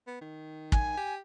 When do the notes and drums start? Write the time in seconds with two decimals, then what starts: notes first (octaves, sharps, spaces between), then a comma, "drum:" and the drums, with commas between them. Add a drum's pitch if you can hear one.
0.07 B3
0.21 D#3
0.72 G#5, drum: kick
0.97 G4